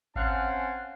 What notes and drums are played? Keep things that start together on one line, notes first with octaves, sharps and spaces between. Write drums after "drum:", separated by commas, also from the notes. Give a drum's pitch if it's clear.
C4 C#4 F5 F#5 G#5 A5, drum: kick G#1